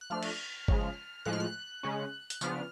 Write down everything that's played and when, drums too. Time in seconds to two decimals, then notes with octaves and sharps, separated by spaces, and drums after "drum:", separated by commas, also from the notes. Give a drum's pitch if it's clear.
0.01 F#6
0.10 F3 A3 D4 F6
0.23 drum: cymbal
0.68 C#3 F3 G#3, drum: kick G1
1.25 A2 F3 G#3 F#6
1.33 F6
1.40 F#6
1.83 C#3 G#3 C#4
2.30 F#6, drum: hi-hat
2.41 C#3 F3 B3 D4 F6, drum: tambourine